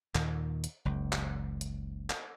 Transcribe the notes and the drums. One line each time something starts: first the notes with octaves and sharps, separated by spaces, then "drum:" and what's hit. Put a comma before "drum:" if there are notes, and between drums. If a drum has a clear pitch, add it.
D#2 A#2 D#3, drum: clap
drum: hi-hat
F#1 C#2
drum: clap
drum: hi-hat
drum: clap